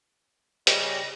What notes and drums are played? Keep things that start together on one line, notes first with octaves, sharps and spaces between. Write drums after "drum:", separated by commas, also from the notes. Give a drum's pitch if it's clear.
C#3 G3 G4 D#5, drum: hi-hat